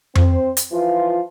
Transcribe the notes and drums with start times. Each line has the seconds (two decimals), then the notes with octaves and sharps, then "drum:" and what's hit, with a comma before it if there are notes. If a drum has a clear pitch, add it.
0.15 C4 C5, drum: tom F2
0.57 drum: hi-hat
0.72 E3 F3 F4